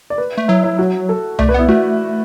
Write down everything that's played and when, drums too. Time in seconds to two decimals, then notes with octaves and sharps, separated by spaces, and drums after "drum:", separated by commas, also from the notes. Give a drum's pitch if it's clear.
0.10 D5
0.18 B4
0.37 A3
0.48 F#3 E4
0.64 E4
0.79 F#4
1.09 A4
1.39 A3 D5, drum: tom C2
1.49 B4
1.54 B3 E4
1.68 A3 F#4